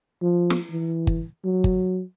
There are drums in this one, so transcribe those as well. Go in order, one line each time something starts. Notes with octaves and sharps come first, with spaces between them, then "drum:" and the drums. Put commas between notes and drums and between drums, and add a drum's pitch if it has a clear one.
F3
drum: snare
E3
drum: kick G1
F#3
drum: kick G1